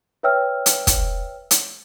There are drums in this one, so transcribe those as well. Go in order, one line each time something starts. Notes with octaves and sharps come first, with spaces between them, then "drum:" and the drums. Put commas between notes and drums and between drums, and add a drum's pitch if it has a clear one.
B4 C#5 E5 G5 E6 F6
drum: hi-hat
drum: kick, hi-hat
drum: hi-hat